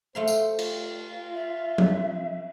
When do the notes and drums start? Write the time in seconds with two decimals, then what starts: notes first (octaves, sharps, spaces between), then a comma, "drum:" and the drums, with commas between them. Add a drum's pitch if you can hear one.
0.15 A3 C5 F5 C6
0.28 drum: tambourine
0.59 F4, drum: cymbal
1.34 E5
1.78 drum: tom F3